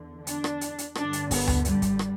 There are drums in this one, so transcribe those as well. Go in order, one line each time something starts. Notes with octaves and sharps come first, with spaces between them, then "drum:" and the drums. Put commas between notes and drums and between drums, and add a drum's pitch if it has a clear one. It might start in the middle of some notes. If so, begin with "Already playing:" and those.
Already playing: E2 D3
D4, drum: hi-hat
drum: rim click
drum: hi-hat
drum: hi-hat
G2 D3 D4, drum: rim click
drum: hi-hat
B3, drum: kick, open hi-hat
drum: tom D2
G3, drum: hi-hat
drum: kick, hi-hat
drum: rim click